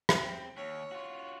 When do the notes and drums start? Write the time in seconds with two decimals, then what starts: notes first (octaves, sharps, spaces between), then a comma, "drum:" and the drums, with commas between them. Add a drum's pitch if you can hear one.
0.09 drum: rim click
0.20 C4
0.57 D#2 C#5
0.92 F4 F#4